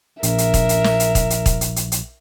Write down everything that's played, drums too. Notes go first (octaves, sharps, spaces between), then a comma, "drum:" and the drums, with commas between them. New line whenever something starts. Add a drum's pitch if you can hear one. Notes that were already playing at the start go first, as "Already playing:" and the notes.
A#1 A#4 E5, drum: hi-hat
drum: hi-hat
drum: kick, hi-hat
drum: hi-hat
drum: snare
drum: hi-hat
drum: kick, hi-hat
drum: hi-hat
drum: kick, hi-hat
drum: hi-hat
drum: hi-hat
drum: hi-hat